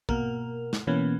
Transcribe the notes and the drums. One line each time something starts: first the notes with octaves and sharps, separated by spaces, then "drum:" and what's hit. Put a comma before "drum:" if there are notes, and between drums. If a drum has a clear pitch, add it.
B2 A#3 A#4, drum: kick
drum: snare
B2 E3 A#3 B3 C#4